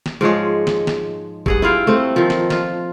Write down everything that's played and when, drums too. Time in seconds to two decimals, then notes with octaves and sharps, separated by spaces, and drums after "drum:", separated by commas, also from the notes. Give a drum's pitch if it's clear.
0.06 drum: snare
0.21 G#2 F3 G#3 C#5
0.67 drum: snare
0.87 drum: snare
1.46 G2 G#4 F#5, drum: kick
1.62 E4 F4 F5 G5
1.87 A3 C4
2.16 D#3 F3
2.30 drum: snare
2.50 F4, drum: snare